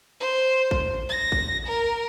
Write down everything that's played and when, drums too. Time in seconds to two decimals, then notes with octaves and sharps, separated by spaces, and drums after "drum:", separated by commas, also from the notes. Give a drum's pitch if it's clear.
0.20 C5
0.71 drum: kick
1.09 A#6
1.32 drum: kick
1.66 A#4